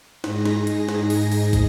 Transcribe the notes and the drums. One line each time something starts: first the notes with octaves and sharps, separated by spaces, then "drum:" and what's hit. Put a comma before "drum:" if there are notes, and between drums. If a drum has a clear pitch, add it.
G#2 D#4 G#4 A#6, drum: snare
drum: snare
drum: hi-hat
drum: snare
drum: open hi-hat
drum: open hi-hat
drum: kick, hi-hat